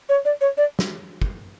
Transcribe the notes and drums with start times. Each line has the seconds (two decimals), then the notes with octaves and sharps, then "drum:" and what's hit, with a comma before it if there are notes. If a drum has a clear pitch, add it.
0.09 C#5
0.25 D5
0.41 C#5
0.58 D5
0.79 drum: snare
1.22 drum: kick